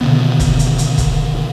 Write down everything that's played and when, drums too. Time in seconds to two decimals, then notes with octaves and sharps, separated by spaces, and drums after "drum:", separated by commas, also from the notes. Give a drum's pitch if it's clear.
0.01 B2 D3 D#3 B3
0.40 drum: kick, hi-hat
0.59 drum: hi-hat
0.78 drum: hi-hat
0.98 drum: kick, hi-hat